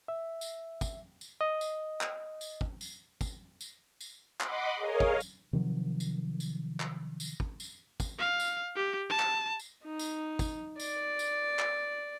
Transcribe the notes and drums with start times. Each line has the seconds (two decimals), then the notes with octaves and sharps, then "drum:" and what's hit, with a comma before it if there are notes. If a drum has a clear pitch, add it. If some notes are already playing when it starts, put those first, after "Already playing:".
0.08 E5
0.41 drum: tambourine
0.81 drum: kick, tambourine
1.21 drum: tambourine
1.41 D#5
1.61 drum: tambourine
2.01 drum: clap
2.41 drum: tambourine
2.61 drum: kick
2.81 drum: tambourine
3.21 drum: kick, tambourine
3.61 drum: tambourine
4.01 drum: tambourine
4.40 D#5 F#5 B5 C6 D6, drum: clap
4.76 G#4 A#4 C#5 D#5 F5
5.00 drum: kick
5.20 drum: tambourine
5.53 C3 D#3 F3 F#3
6.00 drum: tambourine
6.40 drum: tambourine
6.80 drum: clap
7.20 drum: tambourine
7.40 drum: kick
7.60 drum: tambourine
8.00 drum: kick, tambourine
8.19 F5
8.40 drum: tambourine
8.76 G4
9.09 A5
9.20 drum: clap
9.59 drum: tambourine
9.84 D#4
9.99 drum: tambourine
10.39 drum: kick, tambourine
10.80 D5, drum: tambourine
11.19 drum: tambourine
11.59 drum: clap